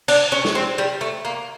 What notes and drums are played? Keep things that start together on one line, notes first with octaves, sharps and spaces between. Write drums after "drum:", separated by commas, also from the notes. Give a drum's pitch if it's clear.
D4, drum: cymbal
C#4
drum: snare
C4
G3
A3
A#3